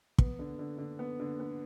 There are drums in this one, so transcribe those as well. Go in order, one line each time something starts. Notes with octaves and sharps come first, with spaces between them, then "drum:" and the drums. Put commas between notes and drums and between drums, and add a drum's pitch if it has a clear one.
B3, drum: kick
D3
D3
D3
B3
D3
B3